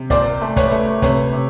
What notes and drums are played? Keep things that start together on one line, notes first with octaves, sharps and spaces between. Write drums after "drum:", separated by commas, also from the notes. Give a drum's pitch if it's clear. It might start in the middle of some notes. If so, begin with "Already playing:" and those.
Already playing: C3
A#2 C5 D5, drum: kick, hi-hat
A3
B4 C#5, drum: kick, hi-hat
A3
C3 B4 C#5, drum: kick, hi-hat
C3